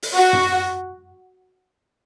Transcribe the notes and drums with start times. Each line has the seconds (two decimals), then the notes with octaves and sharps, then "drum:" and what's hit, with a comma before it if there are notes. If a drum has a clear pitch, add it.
0.03 drum: open hi-hat
0.14 F#4
0.33 drum: tom F#2